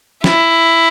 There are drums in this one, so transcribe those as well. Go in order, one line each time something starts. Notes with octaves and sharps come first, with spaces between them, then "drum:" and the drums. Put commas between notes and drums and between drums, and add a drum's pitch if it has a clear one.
E4, drum: snare